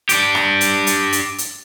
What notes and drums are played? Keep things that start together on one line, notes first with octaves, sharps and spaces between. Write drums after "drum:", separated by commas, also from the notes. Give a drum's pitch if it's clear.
D4 G4, drum: hi-hat
drum: rim click
drum: hi-hat
drum: hi-hat
drum: hi-hat
drum: hi-hat